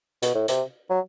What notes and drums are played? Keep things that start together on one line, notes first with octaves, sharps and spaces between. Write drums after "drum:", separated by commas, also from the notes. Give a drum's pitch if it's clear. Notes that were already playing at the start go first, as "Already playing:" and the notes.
B2, drum: hi-hat
A2
C3, drum: hi-hat
F#3